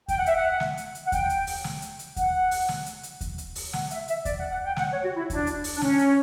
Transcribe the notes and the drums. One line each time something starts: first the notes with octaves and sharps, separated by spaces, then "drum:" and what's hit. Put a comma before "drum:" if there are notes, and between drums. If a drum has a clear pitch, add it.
G5, drum: kick D#2, hi-hat
F#5
E5, drum: hi-hat
F#5
drum: snare
drum: hi-hat
drum: hi-hat
F#5
G5, drum: kick D#2, hi-hat
drum: hi-hat
drum: open hi-hat
drum: snare
drum: hi-hat
drum: hi-hat
F#5, drum: kick D#2, hi-hat
drum: open hi-hat
drum: snare
drum: hi-hat
drum: hi-hat
drum: kick D#2, hi-hat
drum: hi-hat
drum: open hi-hat
F#5, drum: snare
E5, drum: hi-hat
E5, drum: hi-hat
D5, drum: kick D#2, hi-hat
F#5
F#5
G5
F#5, drum: snare
C#5
F#4
E4
D4, drum: kick D#2, hi-hat
drum: hi-hat
drum: open hi-hat
D4
C#4, drum: snare
drum: hi-hat